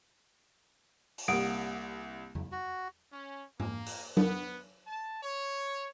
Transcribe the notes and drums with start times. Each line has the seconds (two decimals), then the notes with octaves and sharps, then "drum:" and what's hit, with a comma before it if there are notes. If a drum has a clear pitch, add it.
1.18 drum: open hi-hat
1.28 C2 G3 A#3 F#5 D#6 D7
2.35 drum: tom E2
2.52 F#4
3.12 C#4
3.60 A#3, drum: tom G#2
3.86 drum: open hi-hat
4.17 B3, drum: tom F#3
4.87 A5
5.23 C#5